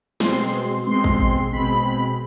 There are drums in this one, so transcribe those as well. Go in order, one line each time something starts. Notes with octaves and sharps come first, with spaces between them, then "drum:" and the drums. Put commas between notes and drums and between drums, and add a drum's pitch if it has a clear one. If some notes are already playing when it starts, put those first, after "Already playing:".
B2 G#3 C4 C6, drum: snare
B2 G#3 C4 C6
drum: kick A1
B2 G#3 C4 B5